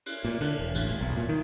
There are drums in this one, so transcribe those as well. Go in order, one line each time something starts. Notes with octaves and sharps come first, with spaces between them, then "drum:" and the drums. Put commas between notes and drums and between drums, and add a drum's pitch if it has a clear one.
drum: cymbal
A#2
D3, drum: cymbal
E1
A1, drum: cymbal
D#1
B1
A#2
D#3